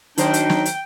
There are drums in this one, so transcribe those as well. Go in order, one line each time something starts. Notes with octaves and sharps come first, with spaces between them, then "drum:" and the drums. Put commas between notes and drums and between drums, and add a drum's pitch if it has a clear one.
D#3 F#3 D4 D#4 C5 G5, drum: hi-hat
drum: hi-hat
drum: snare
drum: hi-hat